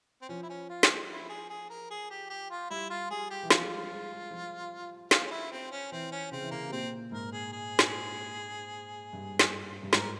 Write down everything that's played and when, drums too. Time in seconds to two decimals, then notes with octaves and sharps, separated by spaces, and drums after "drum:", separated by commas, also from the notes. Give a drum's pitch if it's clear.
0.22 C4
0.29 F3 C#4
0.43 E4
0.49 C#4
0.70 F4
0.83 drum: snare
1.09 E4
1.29 G#4
1.50 G#4
1.70 A#4
1.91 G#4
2.10 G4
2.30 G4
2.51 F4
2.70 G3 E4
2.90 F4
3.11 G3 G#4
3.30 G4
3.43 E3
3.50 F3 F4, drum: snare
3.65 G#3
3.70 G3
3.90 G#3
4.11 G#3
4.31 F3
5.11 F4, drum: snare
5.26 C#4
5.31 E4
5.52 C4
5.71 C#4
5.92 E3 C4
6.12 C#4
6.31 C#3 C4
6.42 E3
6.51 C#3 A#3
6.67 C3
6.72 A#2 C4
7.12 G#2 A#4
7.32 G#4
7.52 G#4
7.79 drum: snare
9.13 G2
9.39 drum: snare
9.83 G2
9.93 G#2 A#4, drum: snare